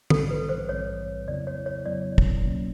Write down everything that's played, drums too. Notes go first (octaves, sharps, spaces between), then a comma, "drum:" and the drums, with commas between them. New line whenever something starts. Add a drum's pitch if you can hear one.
A#1 G#2 E3 G3 C4 A4, drum: tom
B4
C5
A#1 G#2 E3 G3 C4 C#5
F2 C#3 F#3 B3 E4 D5
C#5
C#5
F2 C#3 F#3 B3 E4 D5
drum: kick
C2 B2 F#3 A#3 C#4